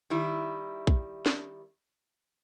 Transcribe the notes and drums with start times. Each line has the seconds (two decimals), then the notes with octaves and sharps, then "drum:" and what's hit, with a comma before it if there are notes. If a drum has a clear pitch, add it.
0.10 D#3 G3 E4
0.87 drum: kick
1.26 drum: snare